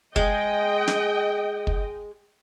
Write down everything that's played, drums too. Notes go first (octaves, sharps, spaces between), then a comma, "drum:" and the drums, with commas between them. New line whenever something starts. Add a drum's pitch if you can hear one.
G#3 D#5 G5, drum: kick
drum: snare
drum: kick